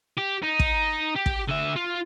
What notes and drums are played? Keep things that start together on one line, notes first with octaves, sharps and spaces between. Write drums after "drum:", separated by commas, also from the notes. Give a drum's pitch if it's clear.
G4
D#4
drum: kick
G4
drum: kick
D3 E5
F4